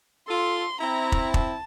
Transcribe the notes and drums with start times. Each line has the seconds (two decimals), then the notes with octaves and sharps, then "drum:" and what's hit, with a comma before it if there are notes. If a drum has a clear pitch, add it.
0.28 F4 A4 C6
0.81 C4 E4 A#5
1.12 drum: kick
1.34 A5, drum: kick